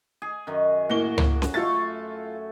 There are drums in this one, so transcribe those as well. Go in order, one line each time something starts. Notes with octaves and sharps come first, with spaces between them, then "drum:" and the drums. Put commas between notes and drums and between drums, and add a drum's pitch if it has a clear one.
G#4
F#2 D#3
A2 A#3 F#4 G7
drum: tom C#2
drum: snare C#4
A3 F4 A4 C#5 A6